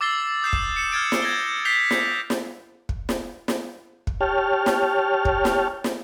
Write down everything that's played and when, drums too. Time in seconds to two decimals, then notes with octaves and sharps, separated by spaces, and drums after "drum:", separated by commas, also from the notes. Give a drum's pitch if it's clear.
0.01 D6 E6 A6 C7 G7
0.42 D#6 G6 C7 E7
0.53 drum: kick
0.76 C#7 E7
0.92 F6 G#6 A6 D7
1.12 drum: snare
1.22 G#6 A#6 G7
1.65 G6 B6 C7 F7 G7
1.91 drum: snare
2.30 drum: snare
2.89 drum: kick
3.09 drum: snare
3.48 drum: snare
4.07 drum: kick
4.21 G4 C#5 G5 A5 F6
4.66 drum: snare
5.25 drum: kick
5.45 drum: snare
5.84 drum: snare